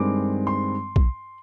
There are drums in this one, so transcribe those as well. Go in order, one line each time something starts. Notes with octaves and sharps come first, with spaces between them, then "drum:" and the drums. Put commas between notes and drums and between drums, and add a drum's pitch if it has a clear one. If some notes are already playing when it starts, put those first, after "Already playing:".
Already playing: G2 D#3 G#3 C4 D6
C6
drum: kick B1